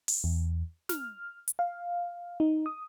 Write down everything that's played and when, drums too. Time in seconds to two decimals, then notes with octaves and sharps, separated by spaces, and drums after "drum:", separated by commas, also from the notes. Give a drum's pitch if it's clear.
0.08 drum: open hi-hat
0.24 E2
0.89 F6, drum: snare
1.48 drum: hi-hat
1.59 F5
2.40 D#4
2.66 D#6